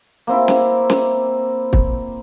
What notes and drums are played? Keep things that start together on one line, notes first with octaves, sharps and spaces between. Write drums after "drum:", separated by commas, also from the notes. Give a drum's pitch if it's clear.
A#3 C4 E4
drum: snare
drum: snare
drum: kick